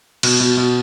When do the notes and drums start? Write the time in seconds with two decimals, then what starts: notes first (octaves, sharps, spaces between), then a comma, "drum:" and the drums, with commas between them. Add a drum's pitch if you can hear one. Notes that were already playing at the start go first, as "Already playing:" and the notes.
0.23 B2, drum: cymbal
0.40 B2
0.57 B2